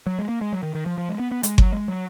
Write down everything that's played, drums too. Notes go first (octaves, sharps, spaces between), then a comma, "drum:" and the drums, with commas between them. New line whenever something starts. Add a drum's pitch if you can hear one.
F#3
G#3
A#3
G#3
F#3
D#3
D#3
F3
F3
G#3
B3
B3
G#3, drum: hi-hat
F#3, drum: kick G1
G#3
F#3